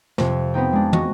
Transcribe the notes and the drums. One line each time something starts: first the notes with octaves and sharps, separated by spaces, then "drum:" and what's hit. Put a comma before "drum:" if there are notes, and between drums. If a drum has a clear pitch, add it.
F2 C3, drum: snare
B3 C4 D#4 G5
G#3 D4
F#4 D#5, drum: tom